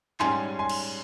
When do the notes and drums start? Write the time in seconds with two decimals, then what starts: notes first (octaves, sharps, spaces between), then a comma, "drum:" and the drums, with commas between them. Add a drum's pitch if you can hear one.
0.20 G#2 G3 C#4 G#5 C6, drum: clap
0.59 G#5 C6
0.69 drum: cymbal